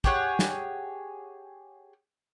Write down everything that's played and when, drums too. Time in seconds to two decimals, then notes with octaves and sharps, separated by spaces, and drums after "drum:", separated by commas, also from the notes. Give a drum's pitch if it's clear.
0.04 G4 G#4 C#5 F#5, drum: kick
0.39 drum: snare